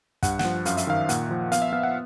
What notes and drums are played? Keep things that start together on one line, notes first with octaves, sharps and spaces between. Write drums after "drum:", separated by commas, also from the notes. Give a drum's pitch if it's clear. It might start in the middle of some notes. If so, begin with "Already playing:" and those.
G2 F#5, drum: kick, hi-hat
F#5, drum: snare
F3
F#2 F5, drum: hi-hat
E5, drum: hi-hat
D#3 F5
A#2 F#5, drum: hi-hat
F3
B3 F5, drum: hi-hat
E5
B3 F5
F#5